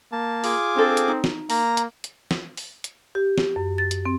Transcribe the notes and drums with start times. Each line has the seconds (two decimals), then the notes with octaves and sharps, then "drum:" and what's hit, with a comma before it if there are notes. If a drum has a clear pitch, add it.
0.12 A#3 A5
0.44 F4 G#4 D6, drum: open hi-hat
0.76 C4 D4 A4
0.97 drum: hi-hat
1.08 D#4
1.24 drum: snare
1.50 A#3 A#5, drum: open hi-hat
1.77 drum: hi-hat
2.04 drum: hi-hat
2.31 drum: snare
2.57 drum: open hi-hat
2.84 drum: hi-hat
3.15 G4
3.38 drum: snare
3.56 F#2
3.78 A6
3.91 drum: hi-hat
4.05 C4